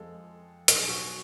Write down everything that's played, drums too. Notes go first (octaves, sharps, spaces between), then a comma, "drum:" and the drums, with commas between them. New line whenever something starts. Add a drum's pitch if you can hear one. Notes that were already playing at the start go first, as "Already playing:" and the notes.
Already playing: F2 F3 G#3 A4
B1 B2 F#3 F#4, drum: hi-hat
G#4
F#4